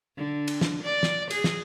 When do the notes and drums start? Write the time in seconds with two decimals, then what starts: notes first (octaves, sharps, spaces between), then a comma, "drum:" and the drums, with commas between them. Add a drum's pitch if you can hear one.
0.17 D3
0.48 drum: cymbal
0.61 drum: snare
0.83 D5
1.03 drum: snare
1.30 G#4, drum: cymbal
1.44 drum: snare